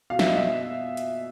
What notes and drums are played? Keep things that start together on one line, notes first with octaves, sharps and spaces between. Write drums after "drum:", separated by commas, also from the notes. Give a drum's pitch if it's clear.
B2 F5
E5, drum: snare
D#5
E5
drum: hi-hat